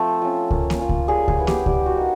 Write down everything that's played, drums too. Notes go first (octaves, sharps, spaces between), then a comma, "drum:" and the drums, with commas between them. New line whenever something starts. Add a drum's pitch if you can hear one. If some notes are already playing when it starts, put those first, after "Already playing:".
Already playing: F3 A3 C4 A4
C#4 F4
A#3, drum: kick C#2
drum: snare A#3
C#4 F4
drum: kick C#2
G3 G#4
G#4, drum: kick C#2
B3 E4
G4, drum: snare A#3
G3 G4, drum: kick C#2
F#4
A#3 D#4